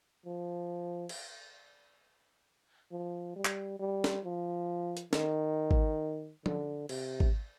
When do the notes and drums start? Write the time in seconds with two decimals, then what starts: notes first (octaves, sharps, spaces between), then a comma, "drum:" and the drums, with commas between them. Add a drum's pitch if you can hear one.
0.26 F3
1.09 drum: cymbal
2.92 F3
3.36 G3
3.45 drum: clap
3.80 G3
4.04 drum: snare
4.25 F3
4.97 drum: hi-hat
5.13 D#3, drum: snare
5.71 drum: kick G#1
6.46 D3, drum: tom F3
6.89 C3, drum: cymbal
7.20 drum: kick G#1